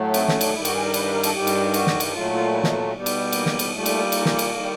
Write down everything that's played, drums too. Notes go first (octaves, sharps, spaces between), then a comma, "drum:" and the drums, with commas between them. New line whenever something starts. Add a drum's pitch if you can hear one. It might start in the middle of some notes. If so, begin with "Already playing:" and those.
Already playing: A2 F#3 A3
C4, drum: cymbal
C#4, drum: snare
D4, drum: cymbal
G2 D#3 G3 E4
F#4, drum: cymbal
G#4
A#4
B4, drum: cymbal
B4
A#4
A4, drum: cymbal
G2 D#3 G3 G4
drum: cymbal
F#4, drum: cymbal
drum: snare
drum: cymbal
A#2 F#3 A3 F4
F4
E4
D#4, drum: snare
B3
B2 G3
drum: cymbal
A#3, drum: cymbal
drum: snare
drum: cymbal
A#2 G3 A3
drum: cymbal
A#3, drum: cymbal
drum: snare
drum: cymbal
D#3 G3